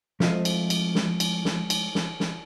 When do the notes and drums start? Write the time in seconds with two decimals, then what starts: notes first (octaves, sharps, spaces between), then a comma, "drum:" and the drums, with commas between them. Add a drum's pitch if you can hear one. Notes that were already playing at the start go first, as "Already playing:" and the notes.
0.20 F3 G#3 A3 C4 F4 D#5, drum: snare
0.45 drum: cymbal
0.70 drum: cymbal
0.95 drum: snare
1.20 drum: cymbal
1.45 drum: snare
1.70 drum: cymbal
1.95 drum: snare
2.20 drum: snare